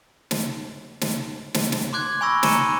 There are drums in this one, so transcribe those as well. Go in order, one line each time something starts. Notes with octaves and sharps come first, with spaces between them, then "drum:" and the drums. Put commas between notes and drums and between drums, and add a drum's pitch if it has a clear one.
drum: snare
drum: snare
drum: snare
drum: snare
C6 D6 F#6 G#6
G#5 B5 C#6 E6 A#6
A#5 C6 C#6 C#7 D#7 G7, drum: snare